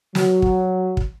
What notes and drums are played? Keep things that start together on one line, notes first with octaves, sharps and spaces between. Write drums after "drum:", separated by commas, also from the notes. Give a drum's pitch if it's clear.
F#3, drum: snare
drum: kick
drum: kick